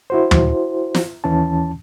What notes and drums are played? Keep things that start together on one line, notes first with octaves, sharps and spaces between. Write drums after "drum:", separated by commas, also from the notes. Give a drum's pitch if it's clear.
E4 F#4 C5
drum: tom
drum: snare
D#2 E3 C#4 A5